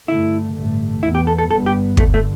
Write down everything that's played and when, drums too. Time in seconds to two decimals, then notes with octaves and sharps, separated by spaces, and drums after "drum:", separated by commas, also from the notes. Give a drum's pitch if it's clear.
0.08 G2 D3 A3 E4
0.56 A1 G2 D3 A3
1.03 E2 E3 B3 E4
1.15 G4
1.27 A4
1.38 A4
1.50 G1 G2 G3 B3 A4
1.66 G4
1.97 G1 G2 D3 A3, drum: kick
2.14 A3